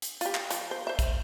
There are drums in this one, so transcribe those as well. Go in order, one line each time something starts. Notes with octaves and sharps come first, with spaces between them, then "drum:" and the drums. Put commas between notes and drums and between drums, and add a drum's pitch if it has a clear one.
drum: hi-hat
F4 G4, drum: hi-hat
drum: clap
F3, drum: hi-hat
C5
C5 E5
drum: kick, hi-hat